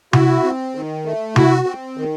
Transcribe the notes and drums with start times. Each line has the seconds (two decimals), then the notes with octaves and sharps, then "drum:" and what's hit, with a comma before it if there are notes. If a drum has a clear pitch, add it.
0.13 E4 F#4, drum: tom C3
0.44 C4
0.75 D#3
1.06 A3
1.36 E4 F#4, drum: tom C3
1.67 C4
1.98 D#3